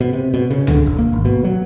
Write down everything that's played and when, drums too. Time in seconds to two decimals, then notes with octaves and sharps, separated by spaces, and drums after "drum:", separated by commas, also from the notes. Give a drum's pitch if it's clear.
0.01 B2
0.13 C3
0.34 B2
0.51 C#3
0.67 D3, drum: tom C#2
0.86 E1
0.99 A#3
1.13 G#1
1.25 B2
1.44 F#3